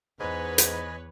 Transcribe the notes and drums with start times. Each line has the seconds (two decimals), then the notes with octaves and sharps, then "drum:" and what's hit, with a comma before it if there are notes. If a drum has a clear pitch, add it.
0.20 E2 G#2 B4 C#5 D#5 G#5 B5
0.58 drum: hi-hat